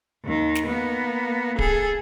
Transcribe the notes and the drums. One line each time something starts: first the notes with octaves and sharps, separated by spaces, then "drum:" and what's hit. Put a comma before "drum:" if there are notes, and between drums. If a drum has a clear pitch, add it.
D#2 D#3
drum: snare
A#3 B3
G#4 A4, drum: kick D1